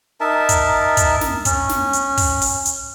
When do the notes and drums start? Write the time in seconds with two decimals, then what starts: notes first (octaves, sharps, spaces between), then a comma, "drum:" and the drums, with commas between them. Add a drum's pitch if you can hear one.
0.21 D#4 A#4 E5 A5
0.49 drum: kick, hi-hat
0.97 drum: kick, hi-hat
1.21 drum: snare
1.45 C#4, drum: kick, hi-hat
1.69 drum: snare
1.93 drum: hi-hat
2.17 drum: kick, open hi-hat
2.42 drum: open hi-hat
2.66 drum: hi-hat